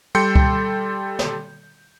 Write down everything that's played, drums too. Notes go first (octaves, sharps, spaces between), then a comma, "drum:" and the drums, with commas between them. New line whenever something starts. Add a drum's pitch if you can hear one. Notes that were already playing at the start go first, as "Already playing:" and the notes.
G3 A4 G5 C6 G6 C#7
drum: kick C#2
drum: snare